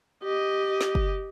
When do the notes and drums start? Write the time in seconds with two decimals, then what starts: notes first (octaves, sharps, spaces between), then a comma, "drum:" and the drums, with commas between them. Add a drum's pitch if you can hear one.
0.23 G4 D#5
0.81 drum: snare
0.95 drum: kick F#1